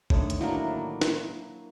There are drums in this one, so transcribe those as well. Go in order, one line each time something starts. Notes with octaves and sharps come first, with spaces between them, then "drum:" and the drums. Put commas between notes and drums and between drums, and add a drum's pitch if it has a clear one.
A2 D3 D#3, drum: kick G#1
drum: hi-hat
F#3 A#3 D4 E4
drum: snare